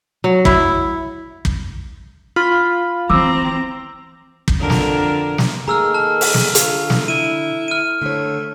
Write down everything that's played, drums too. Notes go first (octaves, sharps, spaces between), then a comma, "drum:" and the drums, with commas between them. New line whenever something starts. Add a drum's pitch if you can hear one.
F#3
E4, drum: kick
drum: kick
F4 B5 F6
D#3 E3 C4 A#5 D6 E6
drum: kick
F2 D3 A#4
drum: snare
drum: snare
D#3 A3 A#3 G#4 A#5 E6 F6
A5 F6
drum: open hi-hat
drum: snare
D3 F4, drum: hi-hat
drum: snare
E4 D#7
F6 D#7
D3 A3 C#5